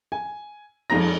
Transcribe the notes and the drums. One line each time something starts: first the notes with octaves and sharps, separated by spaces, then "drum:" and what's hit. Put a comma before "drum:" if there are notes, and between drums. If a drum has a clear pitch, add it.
G#5
F2 F3 G#3 D#4 A#5 A#6, drum: cymbal